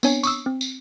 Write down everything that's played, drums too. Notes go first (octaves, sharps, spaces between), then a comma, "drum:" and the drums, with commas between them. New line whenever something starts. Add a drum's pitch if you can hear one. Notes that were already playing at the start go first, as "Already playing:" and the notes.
B3 C4 D4 C#5 G#5, drum: tambourine
C#6 D#6 E6, drum: tambourine
C4
drum: tambourine